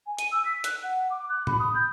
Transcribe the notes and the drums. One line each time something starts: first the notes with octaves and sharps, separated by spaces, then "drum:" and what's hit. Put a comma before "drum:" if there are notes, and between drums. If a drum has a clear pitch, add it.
G#5
D#7, drum: hi-hat
E6
B6
F#6, drum: hi-hat
F#5
D6
F#6
B5, drum: tom A2
D#6
G6